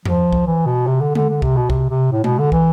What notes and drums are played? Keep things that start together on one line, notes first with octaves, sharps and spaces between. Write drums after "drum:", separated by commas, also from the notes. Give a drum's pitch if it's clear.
F3, drum: tom E2
drum: kick
E3
B2
C3
D3
D3, drum: tom G#3
D3
C3, drum: kick
B2
C3, drum: kick
C3
A2
B2, drum: tom G#3
D3
E3, drum: kick